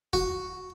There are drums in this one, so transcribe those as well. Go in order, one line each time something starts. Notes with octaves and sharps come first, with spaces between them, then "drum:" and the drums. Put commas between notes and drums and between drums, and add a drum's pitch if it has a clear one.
F#4, drum: kick E2